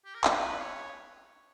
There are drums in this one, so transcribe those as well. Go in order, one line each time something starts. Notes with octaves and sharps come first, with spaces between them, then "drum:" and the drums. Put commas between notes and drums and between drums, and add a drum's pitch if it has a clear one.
G4
A#4
B4, drum: clap
C#5